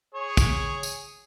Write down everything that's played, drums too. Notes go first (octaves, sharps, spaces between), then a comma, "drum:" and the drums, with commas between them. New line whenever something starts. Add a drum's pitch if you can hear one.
G#4 C#5
drum: kick, tambourine
drum: tambourine